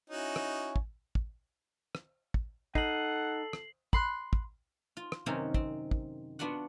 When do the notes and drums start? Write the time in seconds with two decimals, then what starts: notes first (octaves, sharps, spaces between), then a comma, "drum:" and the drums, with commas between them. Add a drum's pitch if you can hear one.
0.10 C#4 D#4 E4 F#4 C#5
0.36 drum: rim click
0.76 drum: kick
1.15 drum: kick
1.95 drum: rim click
2.34 drum: kick
2.75 D#4 A4 F#5 C7 F#7, drum: kick
3.53 drum: rim click
3.93 B5 C6 F#6, drum: kick
4.33 drum: kick
4.97 F4
5.12 drum: rim click
5.26 F#2 C3 D#3 C4 C#4 G#5
5.54 C4, drum: kick
5.91 drum: kick
6.39 B3 D4 F4 F#4 F#5